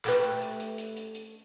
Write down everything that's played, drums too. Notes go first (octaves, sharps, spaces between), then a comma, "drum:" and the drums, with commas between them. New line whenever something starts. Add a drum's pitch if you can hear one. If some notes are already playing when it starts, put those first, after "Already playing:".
A3 G4 B4, drum: clap
drum: hi-hat
drum: hi-hat
drum: hi-hat
drum: hi-hat
drum: hi-hat
drum: hi-hat